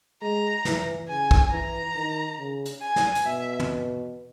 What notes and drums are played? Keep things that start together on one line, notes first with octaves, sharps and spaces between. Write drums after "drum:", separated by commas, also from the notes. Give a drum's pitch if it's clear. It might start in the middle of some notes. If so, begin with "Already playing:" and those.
G#3 A#5
E3, drum: snare
C#3 G#5
drum: kick
E3 A#5
D#3
C#3
drum: hi-hat
G#5
drum: snare
drum: hi-hat
B2 E5
drum: tom